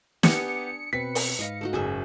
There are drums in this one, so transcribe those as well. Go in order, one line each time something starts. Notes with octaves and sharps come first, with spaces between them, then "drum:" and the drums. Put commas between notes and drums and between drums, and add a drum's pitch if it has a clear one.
B3 D4 G4 G#5 D#6 G#6 C#7, drum: snare
B2 C4 B4 B6
drum: open hi-hat
G#2 D#5 F5 A#6
A3 D#4 F#4
F#1 C#4 G#4 E5